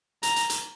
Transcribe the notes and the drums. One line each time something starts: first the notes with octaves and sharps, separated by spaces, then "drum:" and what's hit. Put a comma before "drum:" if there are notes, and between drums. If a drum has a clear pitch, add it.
A#5, drum: hi-hat
drum: hi-hat
drum: hi-hat